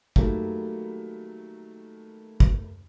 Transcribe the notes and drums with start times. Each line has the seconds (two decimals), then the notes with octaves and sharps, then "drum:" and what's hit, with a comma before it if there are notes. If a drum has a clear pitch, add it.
0.16 D#3 F#3 G3 A3 A#3, drum: kick
2.40 drum: kick